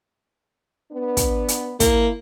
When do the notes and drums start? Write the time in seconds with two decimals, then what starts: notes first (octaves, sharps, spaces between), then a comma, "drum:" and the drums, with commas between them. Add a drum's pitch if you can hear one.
0.91 B3 D4 B4
1.17 drum: kick, hi-hat
1.48 drum: hi-hat
1.80 A#3 E4, drum: kick, hi-hat